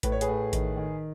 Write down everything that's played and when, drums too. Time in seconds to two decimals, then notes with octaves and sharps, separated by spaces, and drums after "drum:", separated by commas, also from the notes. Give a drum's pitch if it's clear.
0.03 A2 B4, drum: kick A1, hi-hat
0.12 C#5
0.21 G#4 B4, drum: hi-hat
0.28 A2
0.53 D#3, drum: kick A1, hi-hat
0.77 D#3